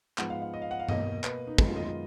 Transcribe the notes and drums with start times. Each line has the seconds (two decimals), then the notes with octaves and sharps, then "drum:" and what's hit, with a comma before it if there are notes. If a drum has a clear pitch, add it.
0.18 G#2 F3 G#3 B3 F#5, drum: clap
0.30 F5
0.42 F5
0.54 D#5
0.62 F5
0.71 F#5
0.79 F5
0.89 B2 A#3 D#5, drum: tom G2
1.24 B4, drum: clap
1.47 D#4
1.58 F#2 D#3 G#3 B3, drum: kick
1.67 F4
1.76 D#5
1.85 F4